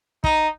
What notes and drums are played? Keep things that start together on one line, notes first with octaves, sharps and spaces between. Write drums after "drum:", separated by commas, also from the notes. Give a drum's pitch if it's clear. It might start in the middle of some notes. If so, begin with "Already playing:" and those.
D#4, drum: kick